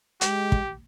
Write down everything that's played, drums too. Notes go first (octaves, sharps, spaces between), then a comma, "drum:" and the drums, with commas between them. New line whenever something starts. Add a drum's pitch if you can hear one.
G#3 G4, drum: hi-hat
drum: kick